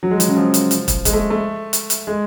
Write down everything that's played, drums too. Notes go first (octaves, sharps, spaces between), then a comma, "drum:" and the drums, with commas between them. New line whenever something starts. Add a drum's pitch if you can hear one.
F#3
G#3
F#3, drum: hi-hat
C#3
F3
drum: hi-hat
drum: hi-hat
drum: kick, hi-hat
G#3, drum: kick, hi-hat
A3
A3
drum: hi-hat
drum: hi-hat
G#3